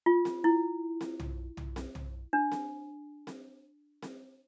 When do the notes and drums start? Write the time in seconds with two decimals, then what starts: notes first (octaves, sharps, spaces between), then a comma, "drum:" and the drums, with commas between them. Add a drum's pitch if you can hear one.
0.06 F4
0.25 drum: snare C4
0.44 E4
1.01 drum: snare C4
1.20 drum: tom
1.57 drum: tom
1.76 drum: snare C4
1.95 drum: tom
2.33 D4
2.52 drum: snare C4
3.27 drum: snare C4
4.03 drum: snare C4